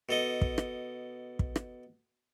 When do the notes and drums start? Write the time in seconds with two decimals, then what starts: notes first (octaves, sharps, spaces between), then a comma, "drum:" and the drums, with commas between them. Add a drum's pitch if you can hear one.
0.09 B2 A4 D#5
0.41 drum: kick
0.58 drum: rim click
1.39 drum: kick
1.56 drum: rim click